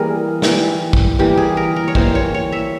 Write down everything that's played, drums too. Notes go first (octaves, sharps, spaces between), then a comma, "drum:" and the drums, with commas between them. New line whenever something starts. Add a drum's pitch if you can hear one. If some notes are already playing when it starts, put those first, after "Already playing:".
Already playing: E3 G3 A#3 G#4 A#4
E3 G3 A#3, drum: snare
drum: kick
E3 G3 A#3 G4
G#4
A#4
A#4
C#5
E3 G3 A#3 C5, drum: kick
C#5
C#5
E5